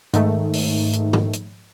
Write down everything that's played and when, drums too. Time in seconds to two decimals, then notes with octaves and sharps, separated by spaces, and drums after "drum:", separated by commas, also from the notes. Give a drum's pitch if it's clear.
0.13 G#2 D#3 A3, drum: hi-hat
0.53 drum: open hi-hat
0.93 drum: hi-hat
1.13 drum: tom G#2
1.33 drum: hi-hat